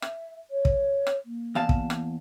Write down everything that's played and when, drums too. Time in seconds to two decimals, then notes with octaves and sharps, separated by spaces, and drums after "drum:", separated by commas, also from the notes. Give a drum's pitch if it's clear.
0.02 E5, drum: rim click
0.51 C#5
0.65 drum: kick
1.07 drum: rim click
1.25 A#3
1.55 E2 F5 A5
1.69 drum: kick
1.90 drum: rim click